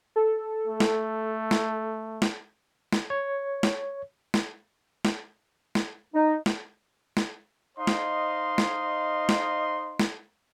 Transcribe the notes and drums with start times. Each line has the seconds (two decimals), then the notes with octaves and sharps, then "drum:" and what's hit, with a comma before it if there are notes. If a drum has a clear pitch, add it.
0.16 A4
0.68 A3
0.80 drum: snare
1.51 drum: snare
2.22 drum: snare
2.93 drum: snare
3.10 C#5
3.63 drum: snare
4.34 drum: snare
5.05 drum: snare
5.75 drum: snare
6.15 D#4
6.46 drum: snare
7.17 drum: snare
7.78 D#4 C5 D#5 F5 C6
7.87 drum: snare
8.58 drum: snare
9.29 drum: snare
10.00 drum: snare